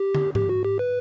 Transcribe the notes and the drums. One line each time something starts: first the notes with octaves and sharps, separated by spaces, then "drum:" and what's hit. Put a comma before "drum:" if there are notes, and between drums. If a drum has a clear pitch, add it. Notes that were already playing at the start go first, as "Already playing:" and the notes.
Already playing: G4
drum: tom
G4, drum: tom G#2
F#4
G4
B4